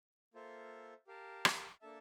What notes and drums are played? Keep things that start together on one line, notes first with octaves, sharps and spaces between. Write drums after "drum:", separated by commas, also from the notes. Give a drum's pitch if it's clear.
A#3 F4 A4 C5 E5
G4 A#4 F5 A5
drum: rim click
A#3 D4 A4 E5 A5